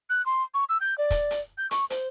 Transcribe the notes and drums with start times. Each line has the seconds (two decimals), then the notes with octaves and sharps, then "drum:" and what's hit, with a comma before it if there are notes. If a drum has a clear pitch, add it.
0.10 F#6
0.26 C6
0.54 C#6
0.69 E6
0.81 G6
0.98 D5
1.11 drum: kick, hi-hat
1.31 drum: hi-hat
1.58 G6
1.71 C#6, drum: hi-hat
1.90 C5, drum: hi-hat